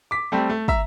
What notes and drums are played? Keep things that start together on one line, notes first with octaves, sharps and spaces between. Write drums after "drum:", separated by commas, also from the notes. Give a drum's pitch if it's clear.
D6 B6
G3 A3 C4
A3
E5 A#5, drum: kick